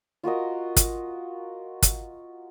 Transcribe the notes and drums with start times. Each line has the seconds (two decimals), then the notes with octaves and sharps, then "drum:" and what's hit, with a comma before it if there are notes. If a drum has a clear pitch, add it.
0.23 F4 F#4 A#4 D#5
0.76 drum: kick, hi-hat
1.82 drum: kick, hi-hat